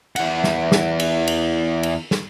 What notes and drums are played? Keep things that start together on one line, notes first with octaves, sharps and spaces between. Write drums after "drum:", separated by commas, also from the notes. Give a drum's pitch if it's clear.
E2 F#5, drum: cymbal
drum: snare
drum: snare
drum: cymbal
drum: cymbal
drum: cymbal
drum: snare